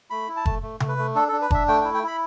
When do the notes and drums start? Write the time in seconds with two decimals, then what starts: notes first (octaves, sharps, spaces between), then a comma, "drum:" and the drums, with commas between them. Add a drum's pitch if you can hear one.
0.10 A3 B5
0.28 E4
0.36 A5
0.46 A3, drum: kick
0.62 A3
0.80 A3, drum: tom C3
0.88 B4
0.98 A3
1.15 D4 A4
1.28 D4 A4
1.41 B4
1.51 D4 E5, drum: kick
1.68 A3 G5
1.81 E4 G5
1.95 G5
2.03 E4 B5